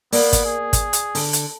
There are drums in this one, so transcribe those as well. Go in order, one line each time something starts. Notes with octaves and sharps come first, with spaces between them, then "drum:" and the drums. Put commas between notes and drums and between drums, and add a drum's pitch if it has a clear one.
A#3 B3 D5, drum: open hi-hat
drum: kick, hi-hat
G#4
drum: kick, hi-hat
drum: hi-hat
D3, drum: open hi-hat
drum: hi-hat